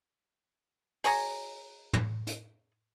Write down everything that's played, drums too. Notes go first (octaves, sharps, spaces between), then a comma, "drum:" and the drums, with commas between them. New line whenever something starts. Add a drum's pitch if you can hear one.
G#4 C#5 G#5 A#5, drum: open hi-hat
drum: tom
drum: hi-hat